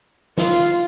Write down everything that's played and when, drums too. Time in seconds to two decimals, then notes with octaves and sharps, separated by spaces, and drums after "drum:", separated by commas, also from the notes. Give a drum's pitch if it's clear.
0.38 F4, drum: snare